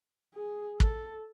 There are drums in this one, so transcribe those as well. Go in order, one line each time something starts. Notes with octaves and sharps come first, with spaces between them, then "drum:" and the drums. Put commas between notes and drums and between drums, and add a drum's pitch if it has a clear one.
G#4
A4, drum: kick